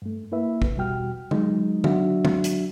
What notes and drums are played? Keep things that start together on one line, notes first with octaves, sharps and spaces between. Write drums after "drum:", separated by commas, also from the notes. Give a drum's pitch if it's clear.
G2 A3
A#3 E4 B4 E5
drum: kick
E2 B2 G3 F#4 G5 F6
F#3 G#3 D#4, drum: tom D3
F#3 D4 F#4 E5, drum: tom D3
drum: tom
drum: hi-hat